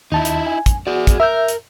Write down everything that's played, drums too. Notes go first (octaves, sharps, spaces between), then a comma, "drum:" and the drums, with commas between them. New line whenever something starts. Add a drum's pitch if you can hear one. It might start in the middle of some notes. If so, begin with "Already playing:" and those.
D#2 D#4 E4 A5
drum: hi-hat
G#5
drum: kick, hi-hat
F#4 G#4 D5
drum: kick, hi-hat
A#4 E5 E6 G6
drum: hi-hat